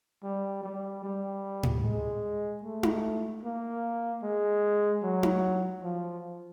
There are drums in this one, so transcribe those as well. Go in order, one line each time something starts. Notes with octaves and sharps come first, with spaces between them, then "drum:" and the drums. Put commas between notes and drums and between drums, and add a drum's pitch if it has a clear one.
G3
G3
G3
drum: tom A2
G#3
A3
drum: tom D#4
A#3
G#3
F#3
drum: tom D#4
F3